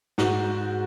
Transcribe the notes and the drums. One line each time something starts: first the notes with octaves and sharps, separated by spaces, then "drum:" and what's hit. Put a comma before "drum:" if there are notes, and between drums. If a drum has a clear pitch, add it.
G#2 F#4, drum: snare